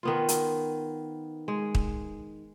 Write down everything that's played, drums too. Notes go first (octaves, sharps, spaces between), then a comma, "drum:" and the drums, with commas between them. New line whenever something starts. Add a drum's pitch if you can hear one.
D#3 B3 F4
drum: hi-hat
G#3
drum: kick